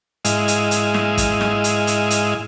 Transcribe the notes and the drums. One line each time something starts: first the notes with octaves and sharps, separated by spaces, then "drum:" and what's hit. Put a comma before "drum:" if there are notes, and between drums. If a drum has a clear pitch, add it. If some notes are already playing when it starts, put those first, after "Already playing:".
G#2 G#3 E4 D#5 F5, drum: hi-hat
drum: hi-hat
drum: hi-hat
drum: snare
drum: kick, hi-hat
drum: snare
drum: hi-hat
drum: hi-hat
drum: hi-hat